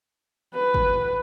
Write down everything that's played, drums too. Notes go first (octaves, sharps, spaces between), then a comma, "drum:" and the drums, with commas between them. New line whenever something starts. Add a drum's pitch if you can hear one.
B4
drum: kick